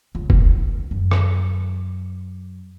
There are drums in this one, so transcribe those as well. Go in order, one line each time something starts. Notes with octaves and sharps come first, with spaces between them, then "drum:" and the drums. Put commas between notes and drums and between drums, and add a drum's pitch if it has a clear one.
C#2
drum: kick
F#2
drum: rim click